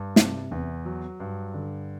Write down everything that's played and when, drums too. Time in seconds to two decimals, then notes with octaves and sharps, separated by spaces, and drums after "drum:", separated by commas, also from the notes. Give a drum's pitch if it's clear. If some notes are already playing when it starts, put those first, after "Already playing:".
Already playing: G2
0.16 C3, drum: snare
0.51 E2
0.85 F#3
1.20 G2
1.54 D3